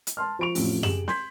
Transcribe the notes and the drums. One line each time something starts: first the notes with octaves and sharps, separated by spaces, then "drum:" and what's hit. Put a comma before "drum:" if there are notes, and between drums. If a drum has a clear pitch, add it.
drum: hi-hat
A5 C6 F6
F3 C5 B5 C#6 D7 F7
A1 F2 A2, drum: open hi-hat
G4 G#4 E7 F#7, drum: tom F#2
C6 G6 G#6 B6, drum: snare